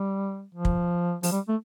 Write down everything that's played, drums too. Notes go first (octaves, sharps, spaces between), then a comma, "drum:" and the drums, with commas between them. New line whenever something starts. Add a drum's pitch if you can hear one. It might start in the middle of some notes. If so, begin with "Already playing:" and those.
Already playing: G3
F3
drum: kick
F3, drum: open hi-hat
G3
A3